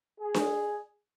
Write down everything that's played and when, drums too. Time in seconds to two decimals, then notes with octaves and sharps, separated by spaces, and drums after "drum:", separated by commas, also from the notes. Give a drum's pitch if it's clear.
0.18 G#4
0.34 drum: snare D4